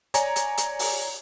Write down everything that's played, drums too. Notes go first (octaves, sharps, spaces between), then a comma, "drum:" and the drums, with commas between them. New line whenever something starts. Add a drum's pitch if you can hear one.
C#5 D5 G#5 A#5, drum: hi-hat
drum: hi-hat
drum: hi-hat
drum: open hi-hat